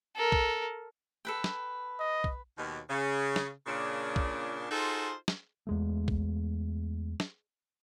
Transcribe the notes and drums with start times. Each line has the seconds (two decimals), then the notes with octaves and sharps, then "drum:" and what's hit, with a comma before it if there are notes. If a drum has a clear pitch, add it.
0.16 A4 A#4
0.32 drum: kick
1.25 A4 B4 G5
1.44 drum: snare
1.99 D#5
2.24 drum: kick
2.58 D#2 B2
2.90 C#3
3.36 drum: snare
3.66 A#2 C#3 D4
4.16 drum: kick
4.71 D#4 F4 F#4 G#4 A4 C5
5.28 drum: snare
5.67 E2 G#3 A3
6.08 drum: kick
7.20 drum: snare